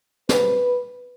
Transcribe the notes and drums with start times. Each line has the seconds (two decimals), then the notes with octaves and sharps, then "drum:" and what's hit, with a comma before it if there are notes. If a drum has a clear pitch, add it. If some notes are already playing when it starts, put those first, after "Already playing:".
0.29 A#2 G3 C4 B4, drum: snare